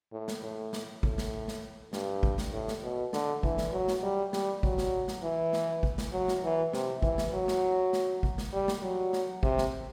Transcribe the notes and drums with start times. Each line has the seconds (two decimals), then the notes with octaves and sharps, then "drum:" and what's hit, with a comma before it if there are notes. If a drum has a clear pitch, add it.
0.13 A2
0.28 drum: snare
0.43 A2
0.73 drum: snare
1.03 A2, drum: kick
1.18 drum: snare
1.48 drum: snare
1.93 G2, drum: snare
2.23 drum: kick
2.38 drum: snare
2.53 A2
2.68 drum: snare
2.83 B2
3.13 D3, drum: snare
3.43 E3, drum: kick
3.58 drum: snare
3.73 F#3
3.88 drum: snare
4.03 G3
4.33 G3, drum: snare
4.63 F#3, drum: kick
4.78 drum: snare
5.08 drum: snare
5.23 E3
5.53 drum: snare
5.83 drum: kick
5.98 drum: snare
6.12 F#3
6.28 drum: snare
6.43 E3
6.73 C3, drum: snare
7.02 E3, drum: kick
7.18 drum: snare
7.34 F#3
7.48 drum: snare
7.93 drum: snare
8.23 drum: kick
8.38 drum: snare
8.53 G3
8.68 drum: snare
8.83 F#3
9.13 drum: snare
9.43 C3, drum: kick
9.58 drum: snare